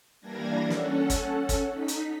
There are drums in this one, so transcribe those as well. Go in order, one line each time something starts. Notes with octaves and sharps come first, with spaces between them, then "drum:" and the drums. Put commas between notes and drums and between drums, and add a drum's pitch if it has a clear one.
E3 G3 A#3 D4 G#6 A#6
C#4 A4 F#5, drum: snare
drum: kick, hi-hat
drum: kick, hi-hat
D#4 B6
drum: hi-hat